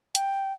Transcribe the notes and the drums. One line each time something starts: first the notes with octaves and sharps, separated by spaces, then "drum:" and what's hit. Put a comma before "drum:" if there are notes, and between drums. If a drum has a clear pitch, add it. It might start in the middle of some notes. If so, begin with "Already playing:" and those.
G5, drum: hi-hat